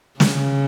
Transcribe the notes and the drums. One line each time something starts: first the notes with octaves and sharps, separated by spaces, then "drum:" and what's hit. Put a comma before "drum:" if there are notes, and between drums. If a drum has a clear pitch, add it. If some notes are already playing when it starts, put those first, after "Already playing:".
C#3, drum: snare